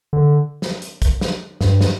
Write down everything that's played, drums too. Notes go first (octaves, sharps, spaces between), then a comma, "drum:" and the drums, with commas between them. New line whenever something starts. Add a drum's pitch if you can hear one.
D3
drum: snare
drum: hi-hat
drum: kick, hi-hat
drum: snare
G2, drum: snare
drum: snare